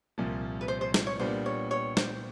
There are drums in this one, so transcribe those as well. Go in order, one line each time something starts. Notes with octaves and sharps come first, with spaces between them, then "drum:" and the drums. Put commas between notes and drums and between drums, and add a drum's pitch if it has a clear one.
C2 A#2 F3
B4
C5
C5
C5, drum: snare
C#5
A#2 G3 B3 D4 C5
C#5
C#5
C5, drum: snare